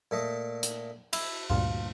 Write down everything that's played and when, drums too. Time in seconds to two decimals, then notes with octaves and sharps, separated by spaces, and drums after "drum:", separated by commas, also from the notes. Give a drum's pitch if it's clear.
0.11 A#2 A3 D#5
0.63 drum: hi-hat
1.13 E4, drum: cymbal
1.50 D2 G2 A#2 F4